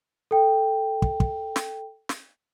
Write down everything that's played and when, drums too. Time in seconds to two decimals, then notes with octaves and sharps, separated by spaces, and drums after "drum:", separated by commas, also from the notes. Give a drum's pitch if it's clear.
0.31 A4 G5
1.02 drum: kick
1.20 drum: kick
1.56 drum: snare
2.09 drum: snare